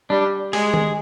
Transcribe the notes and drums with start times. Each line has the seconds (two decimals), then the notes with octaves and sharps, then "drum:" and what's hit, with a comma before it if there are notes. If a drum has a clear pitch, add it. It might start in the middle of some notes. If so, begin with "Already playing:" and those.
0.10 G3 D4
0.53 G#3 G#4, drum: open hi-hat
0.74 drum: tom D#3